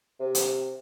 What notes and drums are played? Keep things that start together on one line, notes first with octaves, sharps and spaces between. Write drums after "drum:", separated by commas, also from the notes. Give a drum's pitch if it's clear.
C3
drum: hi-hat